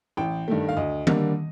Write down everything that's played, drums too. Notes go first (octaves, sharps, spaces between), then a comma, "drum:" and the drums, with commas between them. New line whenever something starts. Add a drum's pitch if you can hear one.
A1 G5
G2 D#3 A3
F5
D2 D#5
D3 G3 A#3, drum: tom D#3